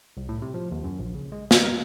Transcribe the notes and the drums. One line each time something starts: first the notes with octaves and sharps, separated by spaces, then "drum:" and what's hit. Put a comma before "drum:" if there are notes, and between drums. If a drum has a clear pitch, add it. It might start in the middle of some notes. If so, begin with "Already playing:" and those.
C2
A2
C3
F3
D#2
F#2
A#1
C#3
G#3
A#4, drum: snare
A#4